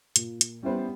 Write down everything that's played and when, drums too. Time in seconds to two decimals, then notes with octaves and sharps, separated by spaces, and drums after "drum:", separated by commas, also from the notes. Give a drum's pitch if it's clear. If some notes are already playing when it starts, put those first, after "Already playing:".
0.16 A#2, drum: hi-hat
0.41 drum: hi-hat
0.63 G3 B3 C#4 E4 C5